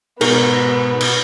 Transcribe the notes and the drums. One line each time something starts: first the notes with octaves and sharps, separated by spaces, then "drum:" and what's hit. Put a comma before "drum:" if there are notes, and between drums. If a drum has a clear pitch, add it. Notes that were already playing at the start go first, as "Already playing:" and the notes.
G#2 B2 B3 D#4 A#4 C#6, drum: cymbal
drum: cymbal